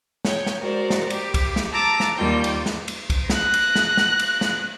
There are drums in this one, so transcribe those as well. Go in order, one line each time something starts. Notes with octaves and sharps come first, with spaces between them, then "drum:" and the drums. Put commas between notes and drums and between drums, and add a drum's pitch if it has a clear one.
C#5 G5, drum: snare
drum: snare
G#3 F#4 A#4 C5 D5
drum: snare
G4, drum: cymbal
drum: kick, cymbal
drum: snare
A5 A#5 D6 E6
drum: snare
D#2 G3 A#3 F4 G5
drum: cymbal
drum: snare
drum: cymbal
drum: kick, cymbal
F#6 A#6, drum: snare
drum: cymbal
drum: snare
drum: snare
drum: cymbal
drum: snare